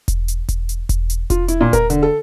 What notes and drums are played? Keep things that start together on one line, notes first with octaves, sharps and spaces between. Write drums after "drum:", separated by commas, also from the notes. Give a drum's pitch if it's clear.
drum: kick E1, hi-hat
drum: hi-hat
drum: kick E1, hi-hat
drum: hi-hat
drum: kick E1, hi-hat
drum: hi-hat
F4, drum: kick E1, hi-hat
E4, drum: hi-hat
A#2
A#4, drum: kick E1, hi-hat
D3, drum: hi-hat
A4